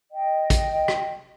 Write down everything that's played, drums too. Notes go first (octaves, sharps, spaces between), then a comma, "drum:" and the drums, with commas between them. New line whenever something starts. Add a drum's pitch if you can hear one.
D#5 G5
drum: kick, hi-hat
drum: rim click